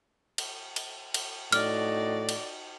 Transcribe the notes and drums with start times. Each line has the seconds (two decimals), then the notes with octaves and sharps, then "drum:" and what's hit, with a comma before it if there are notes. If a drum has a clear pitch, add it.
0.38 drum: cymbal
0.76 drum: cymbal
1.14 drum: cymbal
1.52 A2 D#4 F#4 D5 F6, drum: cymbal
2.29 drum: cymbal